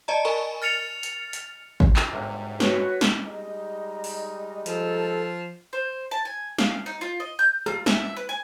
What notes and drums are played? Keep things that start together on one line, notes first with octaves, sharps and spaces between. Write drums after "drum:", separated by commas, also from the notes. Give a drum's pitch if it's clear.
D5 D#5 A5 A#5
A#4 G#5 B5 C#6
F6 A6 C#7 F7
drum: hi-hat
drum: hi-hat
drum: kick
drum: clap
G1 G#2 C3 F#3
F#4 B4 C#5, drum: snare
drum: snare
G3 G#3 D#4 D#5
drum: open hi-hat
F3 A4, drum: hi-hat
C5
A5
G#5
F5, drum: snare
D#4
F4
D#5
G6
F4, drum: rim click
E5, drum: snare
B4
G#5